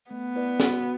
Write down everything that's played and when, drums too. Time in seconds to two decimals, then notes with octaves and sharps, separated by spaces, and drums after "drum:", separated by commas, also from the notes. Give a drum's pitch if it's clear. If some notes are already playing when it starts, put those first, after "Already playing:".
0.11 A3 B3
0.36 E4 B4 D5
0.60 F#4, drum: snare